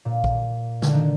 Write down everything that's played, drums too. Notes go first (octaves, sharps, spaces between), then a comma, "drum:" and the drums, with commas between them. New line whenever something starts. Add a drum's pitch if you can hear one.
A#2
drum: kick A#1
D3, drum: snare
D#3